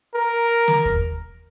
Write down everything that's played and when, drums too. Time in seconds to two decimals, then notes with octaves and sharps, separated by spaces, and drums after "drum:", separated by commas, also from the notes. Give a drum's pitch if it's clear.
0.14 A#4
0.68 drum: snare
0.86 drum: kick